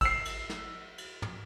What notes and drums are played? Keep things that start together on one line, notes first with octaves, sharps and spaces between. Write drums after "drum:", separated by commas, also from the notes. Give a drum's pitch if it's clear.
E6 C7, drum: kick G#1, cymbal
drum: cymbal
drum: snare
drum: cymbal
drum: tom